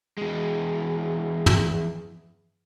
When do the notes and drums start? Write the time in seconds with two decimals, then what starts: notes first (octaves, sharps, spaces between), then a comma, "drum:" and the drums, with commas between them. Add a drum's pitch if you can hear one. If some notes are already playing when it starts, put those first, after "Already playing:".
0.18 E2 G#3
1.46 drum: tom